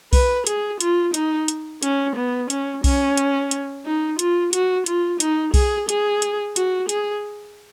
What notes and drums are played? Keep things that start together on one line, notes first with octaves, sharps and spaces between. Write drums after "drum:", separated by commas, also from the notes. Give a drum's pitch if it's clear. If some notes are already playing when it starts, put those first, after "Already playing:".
B4, drum: kick B1, open hi-hat
G#4, drum: hi-hat
F4, drum: hi-hat
D#4, drum: hi-hat
drum: hi-hat
C#4, drum: hi-hat
B3
C#4, drum: hi-hat
C#4, drum: kick B1, open hi-hat
drum: hi-hat
drum: hi-hat
D#4
F4, drum: hi-hat
F#4, drum: hi-hat
F4, drum: hi-hat
D#4, drum: hi-hat
G#4, drum: kick B1, open hi-hat
G#4, drum: hi-hat
drum: hi-hat
F#4, drum: hi-hat
G#4, drum: hi-hat